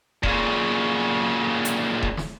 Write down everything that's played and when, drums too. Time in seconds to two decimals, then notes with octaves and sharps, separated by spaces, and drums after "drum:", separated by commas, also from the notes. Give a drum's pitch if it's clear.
0.23 A#2 C#3, drum: kick D#1
1.65 drum: hi-hat
2.03 drum: kick D#1
2.17 drum: snare